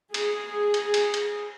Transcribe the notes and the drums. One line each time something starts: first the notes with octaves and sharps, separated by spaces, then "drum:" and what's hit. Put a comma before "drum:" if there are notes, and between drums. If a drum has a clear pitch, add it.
G#4, drum: cymbal
drum: cymbal
drum: cymbal
drum: cymbal